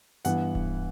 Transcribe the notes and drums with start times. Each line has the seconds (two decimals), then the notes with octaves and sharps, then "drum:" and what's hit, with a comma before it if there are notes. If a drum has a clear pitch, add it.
0.25 G2 E3 B3 F#5, drum: hi-hat
0.55 drum: kick D1